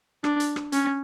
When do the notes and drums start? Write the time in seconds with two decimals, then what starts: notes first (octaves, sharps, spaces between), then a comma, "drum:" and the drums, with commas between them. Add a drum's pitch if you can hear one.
0.24 D4, drum: rim click
0.40 drum: hi-hat
0.56 drum: rim click
0.72 C#4, drum: hi-hat